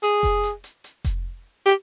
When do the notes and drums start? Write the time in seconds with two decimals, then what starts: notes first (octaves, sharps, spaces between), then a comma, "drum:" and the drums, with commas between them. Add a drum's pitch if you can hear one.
0.03 G#4, drum: hi-hat
0.23 drum: kick F1, hi-hat
0.43 drum: hi-hat
0.64 drum: hi-hat
0.84 drum: hi-hat
1.04 drum: kick F1, hi-hat
1.66 G4, drum: hi-hat